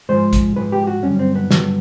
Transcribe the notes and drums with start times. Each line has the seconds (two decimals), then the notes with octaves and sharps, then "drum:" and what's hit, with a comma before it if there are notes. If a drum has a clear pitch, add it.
0.09 G#2 F3 G#3 C5
0.33 drum: kick A1, hi-hat
0.56 G#2 F3 G#3 B4
0.72 G4
0.87 F#4
1.03 G2 D3 F#3 C#4
1.19 C4
1.35 B3
1.51 G2 D3 F#3, drum: snare